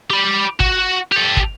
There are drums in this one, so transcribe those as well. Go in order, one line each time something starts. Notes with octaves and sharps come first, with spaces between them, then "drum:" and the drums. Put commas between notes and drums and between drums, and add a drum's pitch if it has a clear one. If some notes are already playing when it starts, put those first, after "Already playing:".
G4 B5
F#4, drum: kick
G4 A4
drum: kick